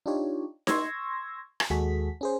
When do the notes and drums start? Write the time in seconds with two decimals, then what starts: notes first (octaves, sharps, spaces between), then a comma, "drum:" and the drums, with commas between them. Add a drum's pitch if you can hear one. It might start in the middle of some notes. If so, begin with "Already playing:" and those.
0.06 D4 D#4 F4 G4 C#5
0.67 C6 C#6 E6 G#6 A#6, drum: snare D#4
1.60 drum: rim click
1.70 D#2 G#3 F#4 G#4 A4 B6
2.21 C#4 G#4 C5